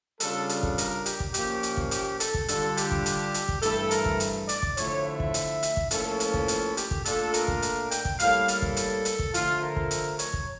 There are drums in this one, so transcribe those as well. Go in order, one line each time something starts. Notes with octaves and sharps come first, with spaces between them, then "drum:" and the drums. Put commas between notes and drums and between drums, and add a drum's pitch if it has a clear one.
C#3 G3 D4 F4 A4, drum: hi-hat
A4, drum: hi-hat
drum: kick
A#4, drum: hi-hat
G4, drum: hi-hat
drum: kick
A#2 F3 A#3 C#4 G4, drum: hi-hat
drum: hi-hat
drum: kick
G4, drum: hi-hat
A4, drum: hi-hat
drum: kick
D3 G3 D4 F4 A4, drum: hi-hat
G4, drum: hi-hat
drum: kick
drum: hi-hat
drum: hi-hat
drum: kick
G2 E3 A3 A4, drum: hi-hat
A#4, drum: hi-hat
drum: kick
drum: hi-hat
D5, drum: hi-hat
drum: kick
D3 F3 A3 E4 C#5, drum: hi-hat
E5
drum: kick
drum: hi-hat
drum: hi-hat
drum: kick
A2 F3 A#3 C#4 F4 A4, drum: hi-hat
A4, drum: hi-hat
drum: kick
drum: hi-hat
G4, drum: hi-hat
drum: kick
A#2 A3 D4 F4 A4, drum: hi-hat
A#4, drum: hi-hat
drum: kick
drum: hi-hat
G5, drum: hi-hat
drum: kick
A2 G3 A#3 F5, drum: hi-hat
A4, drum: hi-hat
drum: kick
drum: hi-hat
drum: hi-hat
drum: kick
D3 F3 A3 F4, drum: hi-hat
A#4
drum: kick
drum: hi-hat
C#5, drum: hi-hat
drum: kick